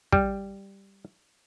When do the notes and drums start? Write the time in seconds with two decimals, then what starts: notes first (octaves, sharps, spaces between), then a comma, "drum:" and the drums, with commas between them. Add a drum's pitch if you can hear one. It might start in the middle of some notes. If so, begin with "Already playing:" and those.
0.12 G3, drum: kick